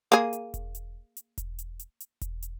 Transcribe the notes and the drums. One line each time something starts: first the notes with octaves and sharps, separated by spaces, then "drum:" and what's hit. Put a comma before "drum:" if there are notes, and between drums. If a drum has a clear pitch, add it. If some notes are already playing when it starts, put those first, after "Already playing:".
A#3 G#4, drum: hi-hat
drum: hi-hat
drum: kick E1, hi-hat
drum: hi-hat
drum: hi-hat
drum: kick E1, hi-hat
drum: hi-hat
drum: hi-hat
drum: hi-hat
drum: kick E1, hi-hat
drum: hi-hat